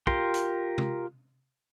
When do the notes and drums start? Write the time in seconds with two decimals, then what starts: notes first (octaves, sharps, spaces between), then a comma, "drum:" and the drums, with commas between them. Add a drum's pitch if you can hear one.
0.07 F4 G4 A#4 C6, drum: kick
0.34 drum: hi-hat
0.78 drum: tom